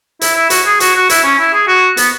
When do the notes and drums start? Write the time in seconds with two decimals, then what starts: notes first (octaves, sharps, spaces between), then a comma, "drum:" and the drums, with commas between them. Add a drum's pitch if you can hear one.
0.21 E4, drum: hi-hat
0.35 E4
0.50 F#4, drum: hi-hat
0.66 G#4
0.80 F#4, drum: hi-hat
0.95 F#4
1.10 E4, drum: hi-hat
1.24 C#4
1.38 E4
1.53 G#4
1.67 F#4
1.97 B3, drum: hi-hat